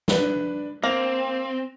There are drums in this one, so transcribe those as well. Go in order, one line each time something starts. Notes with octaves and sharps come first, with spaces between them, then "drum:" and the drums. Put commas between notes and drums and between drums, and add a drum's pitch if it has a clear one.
D4 B4 D5, drum: snare
A#3 C4 A#6 F7